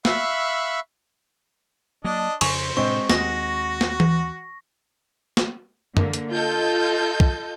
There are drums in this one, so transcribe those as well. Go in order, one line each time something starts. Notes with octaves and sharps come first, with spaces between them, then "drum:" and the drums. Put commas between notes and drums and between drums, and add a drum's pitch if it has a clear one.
E5 F5 B5 C#6 E6 F#6, drum: snare
F#3 A#3 D4 D#5
F2 C#3 C5 G#5 C#6, drum: cymbal
A2 C3 G#3 C4 D4 C#6
D#2 G#3 C4 F#4 D#5 A#6, drum: snare
drum: snare
drum: tom E3
drum: snare
D3 A#3, drum: tom F#2
drum: hi-hat
F4 A4 D#5 G6
drum: kick